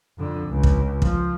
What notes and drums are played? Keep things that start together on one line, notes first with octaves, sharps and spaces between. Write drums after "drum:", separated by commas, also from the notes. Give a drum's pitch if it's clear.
F2 D3
C#2
drum: kick
F3, drum: kick